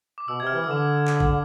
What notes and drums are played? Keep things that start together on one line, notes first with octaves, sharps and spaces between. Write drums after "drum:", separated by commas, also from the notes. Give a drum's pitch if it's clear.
D6
B2 E6
C3 G#6
F6
E3
E6
D3 D6
E6
drum: clap
drum: kick G#1